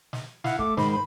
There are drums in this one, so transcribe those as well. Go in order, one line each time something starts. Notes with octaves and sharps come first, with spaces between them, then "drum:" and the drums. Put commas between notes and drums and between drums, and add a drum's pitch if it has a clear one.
drum: snare
E4 F5 F#5, drum: snare
A3 D6, drum: kick
G#2 D#3 C5 B5, drum: snare
B5